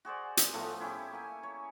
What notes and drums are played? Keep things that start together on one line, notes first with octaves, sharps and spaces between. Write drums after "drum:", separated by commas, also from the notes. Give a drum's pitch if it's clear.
F#4 G#4 C5 D5
drum: hi-hat
A2 F3 A3 B3
C#4 E4 G4 G#4
A#3 G#5
C#5